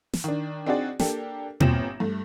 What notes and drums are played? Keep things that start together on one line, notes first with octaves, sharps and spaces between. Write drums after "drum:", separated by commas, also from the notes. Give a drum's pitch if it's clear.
drum: snare
D#3 D4
C4 D4 D#4 F#4 G#4 D5
A#3 D4 G4 A4, drum: snare
G1 A#2 C4 F4 A#6 E7, drum: tom B2
G2 A3